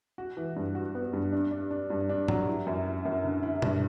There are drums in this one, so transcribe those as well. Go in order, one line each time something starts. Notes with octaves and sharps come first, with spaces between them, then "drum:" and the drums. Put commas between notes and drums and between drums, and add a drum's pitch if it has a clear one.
F#4
E3
G2
F#4
B3
G2
D4
D4
D4
G2
D4
F#3, drum: tom G#2
E4
F#2
E4
F#2
D3
E4
G2, drum: tom